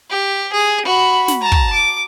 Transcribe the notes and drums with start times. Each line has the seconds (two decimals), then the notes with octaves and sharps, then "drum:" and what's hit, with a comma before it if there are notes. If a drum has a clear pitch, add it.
0.10 G4
0.53 G#4
0.85 F#4 B5
1.28 drum: snare
1.41 A5 A#5
1.52 drum: kick
1.73 D6